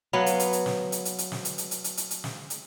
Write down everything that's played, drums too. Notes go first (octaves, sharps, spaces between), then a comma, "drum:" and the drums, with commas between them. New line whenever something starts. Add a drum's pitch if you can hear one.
F#3 B3 B4 F5
drum: hi-hat
drum: hi-hat
drum: hi-hat
drum: snare
drum: hi-hat
drum: hi-hat
drum: hi-hat
drum: snare
drum: hi-hat
drum: hi-hat
drum: hi-hat
drum: hi-hat
drum: hi-hat
drum: hi-hat
drum: snare
drum: hi-hat